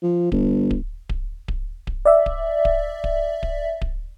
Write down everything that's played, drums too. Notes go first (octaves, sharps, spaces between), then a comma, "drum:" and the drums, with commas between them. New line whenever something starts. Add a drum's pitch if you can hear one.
F3
G1, drum: kick D1
drum: kick D1
drum: kick D1
drum: kick D1
drum: kick D1
D5 E5
drum: kick D1
drum: kick D1
drum: kick D1
drum: kick D1
drum: kick D1